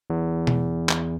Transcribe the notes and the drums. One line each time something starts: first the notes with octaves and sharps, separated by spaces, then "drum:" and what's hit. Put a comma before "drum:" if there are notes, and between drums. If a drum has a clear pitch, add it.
E2
drum: tom B2
drum: clap